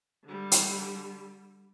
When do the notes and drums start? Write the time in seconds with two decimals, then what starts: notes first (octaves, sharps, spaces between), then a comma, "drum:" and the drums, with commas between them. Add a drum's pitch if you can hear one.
0.25 D3 G3
0.52 drum: hi-hat